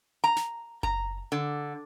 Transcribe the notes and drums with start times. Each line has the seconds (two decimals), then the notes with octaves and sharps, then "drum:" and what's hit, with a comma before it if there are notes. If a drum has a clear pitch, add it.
0.24 A#5
0.36 drum: snare
0.83 A#5, drum: kick F#1
1.32 D3